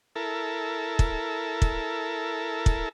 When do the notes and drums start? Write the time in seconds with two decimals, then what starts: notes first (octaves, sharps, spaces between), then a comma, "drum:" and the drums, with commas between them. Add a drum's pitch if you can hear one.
0.16 E4 A4 A#4
0.99 drum: kick
1.62 drum: kick
2.66 drum: kick